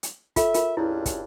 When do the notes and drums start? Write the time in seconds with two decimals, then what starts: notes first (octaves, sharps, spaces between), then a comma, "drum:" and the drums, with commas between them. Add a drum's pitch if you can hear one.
0.03 drum: hi-hat
0.36 F4 A4 E5, drum: kick, hi-hat
0.54 F4 A#4, drum: hi-hat
0.77 C#2 G2 E4
1.06 drum: kick, hi-hat